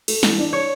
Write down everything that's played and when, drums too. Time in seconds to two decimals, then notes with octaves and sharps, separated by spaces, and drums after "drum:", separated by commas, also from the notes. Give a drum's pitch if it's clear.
0.08 A3, drum: cymbal
0.23 E3, drum: snare
0.38 D4
0.53 C#5